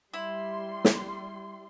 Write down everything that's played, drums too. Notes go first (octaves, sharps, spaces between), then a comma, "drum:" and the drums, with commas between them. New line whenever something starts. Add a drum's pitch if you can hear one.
G3 E4 C6
drum: snare